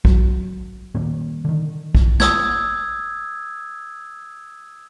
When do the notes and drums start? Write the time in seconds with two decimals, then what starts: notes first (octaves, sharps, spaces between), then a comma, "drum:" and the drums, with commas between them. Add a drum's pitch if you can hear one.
0.05 F#3, drum: kick
0.95 A#2 D#3 G3 A#3
1.45 D3 D#3
1.95 drum: kick
2.20 D#6 E6 G#6, drum: snare